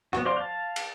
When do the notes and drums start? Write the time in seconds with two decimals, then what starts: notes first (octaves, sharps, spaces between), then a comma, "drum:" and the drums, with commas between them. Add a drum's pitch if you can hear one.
0.13 B3 F#4, drum: rim click
0.25 F#4 C5 D5 F5 C6
0.37 F5 A5
0.76 drum: cymbal